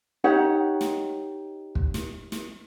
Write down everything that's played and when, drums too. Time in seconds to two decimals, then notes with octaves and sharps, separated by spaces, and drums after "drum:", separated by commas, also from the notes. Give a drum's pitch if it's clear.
0.24 D#4 G4 C#5 F#5
0.81 drum: snare
1.75 drum: kick
1.94 drum: snare
2.32 drum: snare